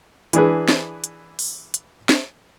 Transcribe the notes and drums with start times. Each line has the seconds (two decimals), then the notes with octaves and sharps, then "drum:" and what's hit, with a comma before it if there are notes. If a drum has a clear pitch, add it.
0.33 E3 D4 G#4 B4, drum: hi-hat
0.68 drum: snare
1.04 drum: hi-hat
1.39 drum: open hi-hat
1.74 drum: hi-hat
2.09 drum: snare